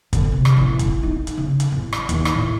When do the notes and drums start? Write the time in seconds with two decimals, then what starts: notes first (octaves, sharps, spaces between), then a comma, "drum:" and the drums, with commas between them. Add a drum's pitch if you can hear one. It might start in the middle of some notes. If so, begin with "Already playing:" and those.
0.13 D3, drum: kick, hi-hat
0.32 C3
0.45 drum: rim click
0.57 A1
0.79 E4, drum: kick, hi-hat
1.03 D#4
1.27 drum: hi-hat
1.37 C#3
1.60 drum: hi-hat
1.72 A1
1.93 drum: rim click
2.09 D#2, drum: hi-hat
2.25 drum: rim click
2.35 A2